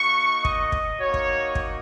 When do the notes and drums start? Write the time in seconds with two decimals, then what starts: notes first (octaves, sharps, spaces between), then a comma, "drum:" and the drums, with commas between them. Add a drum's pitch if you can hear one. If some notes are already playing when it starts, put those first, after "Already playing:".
Already playing: A#3 D#4 F#4 C#6
0.45 D#5, drum: kick
0.72 drum: kick
1.00 A#3 D#4 F#4 C#5
1.14 drum: kick
1.55 drum: kick